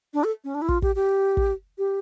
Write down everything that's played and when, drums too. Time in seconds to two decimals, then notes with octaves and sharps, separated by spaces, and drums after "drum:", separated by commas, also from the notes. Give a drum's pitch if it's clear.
0.14 D4
0.24 A4
0.44 C#4
0.55 D4
0.62 E4
0.69 F4, drum: kick
0.82 G4, drum: kick
0.96 G4
1.37 drum: kick
1.78 G4